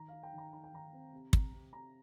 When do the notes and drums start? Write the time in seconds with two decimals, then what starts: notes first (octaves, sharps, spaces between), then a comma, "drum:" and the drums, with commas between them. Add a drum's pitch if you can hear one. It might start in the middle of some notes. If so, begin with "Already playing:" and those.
Already playing: D#3 A#5
0.08 D#4 F5
0.23 G5
0.33 D#3
0.38 A#5
0.53 D#4 A#5
0.64 G5
0.72 D#3 A#5
0.93 C4
1.13 C3
1.33 C3, drum: kick
1.53 C3
1.73 C3 A#5